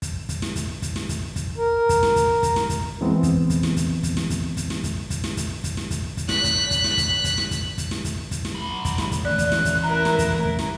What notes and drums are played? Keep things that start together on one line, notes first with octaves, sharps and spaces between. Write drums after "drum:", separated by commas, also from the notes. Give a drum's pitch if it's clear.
drum: kick, hi-hat
drum: kick, hi-hat
drum: snare
drum: kick, hi-hat
drum: kick, hi-hat
drum: snare
drum: kick, hi-hat
drum: kick, hi-hat
A#4
drum: kick, hi-hat
drum: snare
drum: kick, hi-hat
drum: kick, hi-hat
drum: snare
drum: kick, hi-hat
E3 G#3 B3 C4
drum: kick, hi-hat
drum: kick, hi-hat
drum: snare
drum: kick, hi-hat
drum: kick, hi-hat
drum: snare
drum: kick, hi-hat
drum: kick, hi-hat
drum: snare
drum: kick, hi-hat
drum: kick, hi-hat
drum: snare
drum: kick, hi-hat
drum: kick, hi-hat
drum: snare
drum: kick, hi-hat
drum: kick, hi-hat
F#6 B6, drum: snare
drum: kick, hi-hat
drum: kick, hi-hat
drum: snare
drum: kick, hi-hat
drum: kick, hi-hat
drum: snare
drum: kick, hi-hat
drum: kick, hi-hat
drum: snare
drum: kick, hi-hat
drum: kick, hi-hat
drum: snare
B1 B5
drum: kick, hi-hat
drum: snare
drum: kick, hi-hat
E3 A3 D5 F#6
drum: kick, hi-hat
drum: snare
drum: kick, hi-hat
E4 A#4 A#5
drum: snare
drum: kick, hi-hat
drum: kick
drum: snare